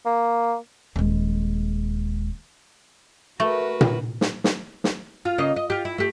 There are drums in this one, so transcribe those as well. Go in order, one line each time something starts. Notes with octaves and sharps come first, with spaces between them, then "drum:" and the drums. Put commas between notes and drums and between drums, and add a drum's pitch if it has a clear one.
A#3
D#1 G#3
A3 F#4 A#4 B4
drum: tom A#2
drum: snare
drum: snare
drum: snare
F4
C#3 A#3 D#5
D#5
F4 G4
E4
A3 G4